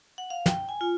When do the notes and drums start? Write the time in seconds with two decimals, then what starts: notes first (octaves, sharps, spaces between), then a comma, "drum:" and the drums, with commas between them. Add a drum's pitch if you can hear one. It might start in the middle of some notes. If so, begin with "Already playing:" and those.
0.18 F#5
0.30 F5
0.46 G5, drum: snare
0.69 G#5
0.81 F4